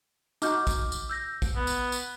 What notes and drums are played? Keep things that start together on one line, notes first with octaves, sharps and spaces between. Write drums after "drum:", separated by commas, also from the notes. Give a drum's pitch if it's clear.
D#4 F#4 D6 F6 G6, drum: tambourine
drum: kick A#1, tambourine
drum: tambourine
E6 G6 A#6
drum: kick A#1, tambourine
B3
drum: tambourine
drum: tambourine